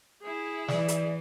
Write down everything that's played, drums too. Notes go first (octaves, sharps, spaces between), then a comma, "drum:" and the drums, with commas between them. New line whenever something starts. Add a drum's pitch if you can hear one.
E4 G#4
E3 D5, drum: snare
drum: hi-hat